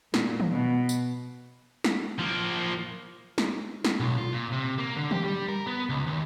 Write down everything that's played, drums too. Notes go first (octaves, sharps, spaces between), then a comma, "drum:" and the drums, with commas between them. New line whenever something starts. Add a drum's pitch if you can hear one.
A#2, drum: snare
drum: tom D#3
B2
drum: tambourine
drum: snare
F3 A#3
drum: snare
drum: snare
B1
F4
A#2
C3
A#3
D3
G4, drum: tom D#3
G3
A#4
B3
C#2
D#2